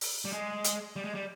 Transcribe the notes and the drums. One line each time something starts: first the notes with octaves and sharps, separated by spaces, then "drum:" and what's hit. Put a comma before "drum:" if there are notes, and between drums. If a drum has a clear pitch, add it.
drum: open hi-hat
G3
G#3
drum: hi-hat
G3
G#3
G3